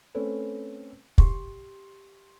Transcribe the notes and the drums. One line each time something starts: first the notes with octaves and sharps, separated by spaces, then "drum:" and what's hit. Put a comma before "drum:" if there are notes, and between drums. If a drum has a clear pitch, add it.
A3 C4 C#4 A4 B4
G4 C6 C#6, drum: kick